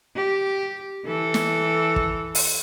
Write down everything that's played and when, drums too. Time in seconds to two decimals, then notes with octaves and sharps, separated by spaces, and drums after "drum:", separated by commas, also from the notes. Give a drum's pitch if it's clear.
0.16 G4
1.06 E3 A4
1.34 drum: snare
1.96 drum: kick
2.35 drum: open hi-hat